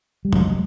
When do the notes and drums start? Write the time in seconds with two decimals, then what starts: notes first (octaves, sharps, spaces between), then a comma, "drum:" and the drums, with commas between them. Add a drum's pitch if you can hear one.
0.25 G3
0.33 F1 F#3 G#3, drum: tom